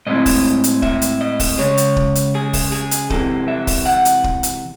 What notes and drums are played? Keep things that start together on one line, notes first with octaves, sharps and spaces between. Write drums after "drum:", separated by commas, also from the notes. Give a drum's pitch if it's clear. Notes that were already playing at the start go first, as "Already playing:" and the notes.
A2 G#3 C4 E4 D#5
drum: kick, open hi-hat
drum: hi-hat
E5, drum: kick
drum: hi-hat
D#5
drum: kick, open hi-hat
C#2 C#3 G#3 C#5
drum: hi-hat
drum: kick
drum: hi-hat
G#4
drum: kick, open hi-hat
G#4
drum: hi-hat
E2 C3 E3 G#3 A4, drum: kick
E5
drum: kick, open hi-hat
F#5
drum: hi-hat
drum: kick
drum: hi-hat